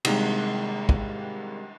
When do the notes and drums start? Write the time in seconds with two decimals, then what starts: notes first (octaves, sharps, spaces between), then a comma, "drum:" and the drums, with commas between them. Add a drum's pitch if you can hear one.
0.05 C3 D#3 G3 G#3 A#3, drum: cymbal
0.89 drum: kick